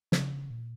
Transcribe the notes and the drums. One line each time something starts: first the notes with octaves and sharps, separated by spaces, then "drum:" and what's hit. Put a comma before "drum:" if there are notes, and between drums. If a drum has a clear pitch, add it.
C#3, drum: snare
A#2